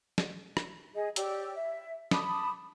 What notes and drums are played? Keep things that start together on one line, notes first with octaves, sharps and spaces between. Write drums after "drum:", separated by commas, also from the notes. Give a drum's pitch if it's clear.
drum: snare
drum: rim click
G#4 D#5
G4 C#5 D5 E6, drum: hi-hat
E5
A5 B5 D6 D#6, drum: snare